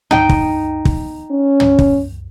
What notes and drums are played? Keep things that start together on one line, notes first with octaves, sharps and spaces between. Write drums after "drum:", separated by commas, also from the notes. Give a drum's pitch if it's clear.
D#4 G5, drum: tom
drum: kick
drum: kick
C#4
drum: tom
drum: kick